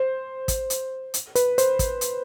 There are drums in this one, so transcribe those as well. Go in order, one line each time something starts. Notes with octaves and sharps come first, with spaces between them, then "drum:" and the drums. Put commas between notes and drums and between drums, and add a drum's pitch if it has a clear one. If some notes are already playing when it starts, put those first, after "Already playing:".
Already playing: C5
drum: kick, hi-hat
drum: hi-hat
drum: hi-hat
B4, drum: hi-hat
C5, drum: hi-hat
drum: kick, hi-hat
drum: hi-hat